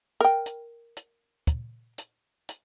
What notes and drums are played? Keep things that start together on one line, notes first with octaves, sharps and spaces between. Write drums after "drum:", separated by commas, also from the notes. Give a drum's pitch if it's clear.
A#4 G5
drum: hi-hat
drum: hi-hat
drum: kick, hi-hat
drum: hi-hat
drum: hi-hat